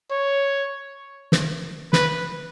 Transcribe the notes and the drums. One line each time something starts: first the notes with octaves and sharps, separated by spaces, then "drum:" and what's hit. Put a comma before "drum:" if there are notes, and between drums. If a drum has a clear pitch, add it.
C#5
drum: snare
B4, drum: snare